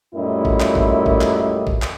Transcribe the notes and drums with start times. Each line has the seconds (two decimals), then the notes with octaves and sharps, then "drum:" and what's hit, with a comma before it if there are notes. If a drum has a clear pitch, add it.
0.14 F#2 A#2 G3 A3 E4 D#5
0.45 drum: kick A1
0.60 drum: clap
0.75 drum: kick A1
1.06 drum: kick A1
1.21 drum: clap
1.67 drum: kick A1
1.82 drum: clap